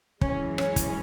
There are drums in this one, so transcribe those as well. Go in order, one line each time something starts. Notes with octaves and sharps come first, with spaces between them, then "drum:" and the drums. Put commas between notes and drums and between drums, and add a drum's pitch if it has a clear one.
F#2 E3 G#3 C#4, drum: kick
C#4, drum: rim click
drum: kick, hi-hat